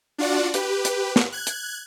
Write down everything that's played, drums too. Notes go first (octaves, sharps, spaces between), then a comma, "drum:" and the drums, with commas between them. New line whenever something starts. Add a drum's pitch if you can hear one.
D4 F4 F#4 D5 F#5
G4 B4, drum: hi-hat
drum: hi-hat
drum: snare
F#6 G#6
drum: hi-hat